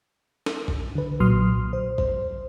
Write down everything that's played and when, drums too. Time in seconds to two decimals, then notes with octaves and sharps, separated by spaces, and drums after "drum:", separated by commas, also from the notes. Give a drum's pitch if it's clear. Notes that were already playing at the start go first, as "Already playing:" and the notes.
0.46 drum: snare
0.68 drum: kick
0.95 D3 B4
1.20 B1 A#2 F#3 C6 D#6 F6
1.73 C5
1.98 C5, drum: kick